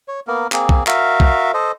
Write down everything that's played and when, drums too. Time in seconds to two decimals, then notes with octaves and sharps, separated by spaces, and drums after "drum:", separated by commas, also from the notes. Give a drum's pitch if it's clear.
0.08 C#5
0.27 A#3 B3 A#4
0.52 A#3 C4 G#4, drum: clap
0.69 drum: kick B1
0.87 F#4 A#4 E5 F5, drum: clap
1.20 drum: kick B1
1.54 A4 C5 D#5